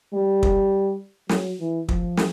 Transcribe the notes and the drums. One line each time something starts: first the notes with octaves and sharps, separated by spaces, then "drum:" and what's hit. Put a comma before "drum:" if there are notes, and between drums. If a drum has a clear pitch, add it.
G3
drum: kick
F#3, drum: snare
E3
F3, drum: kick
drum: snare